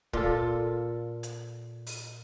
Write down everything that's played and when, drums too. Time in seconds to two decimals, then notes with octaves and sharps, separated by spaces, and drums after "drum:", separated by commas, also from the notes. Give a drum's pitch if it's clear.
0.13 A#2 F4 A4, drum: kick
1.23 drum: hi-hat
1.86 drum: open hi-hat